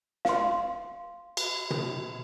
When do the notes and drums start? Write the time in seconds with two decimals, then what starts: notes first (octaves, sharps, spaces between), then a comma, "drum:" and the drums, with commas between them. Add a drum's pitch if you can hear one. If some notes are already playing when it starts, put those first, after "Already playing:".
0.25 F5 C6, drum: snare
1.37 drum: cymbal
1.70 drum: tom